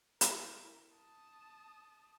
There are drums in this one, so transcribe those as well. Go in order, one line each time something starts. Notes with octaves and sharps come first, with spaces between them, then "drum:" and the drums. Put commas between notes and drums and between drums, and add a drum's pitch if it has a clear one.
E4 A#4, drum: hi-hat
A5 D#6